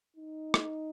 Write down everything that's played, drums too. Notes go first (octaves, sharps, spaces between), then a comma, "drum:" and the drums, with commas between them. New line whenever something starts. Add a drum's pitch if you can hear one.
D#4
drum: rim click